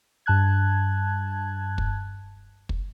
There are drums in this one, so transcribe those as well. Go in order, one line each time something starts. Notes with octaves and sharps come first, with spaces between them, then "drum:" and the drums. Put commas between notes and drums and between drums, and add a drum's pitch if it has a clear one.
G2 A5 F#6 G#6
drum: kick
drum: kick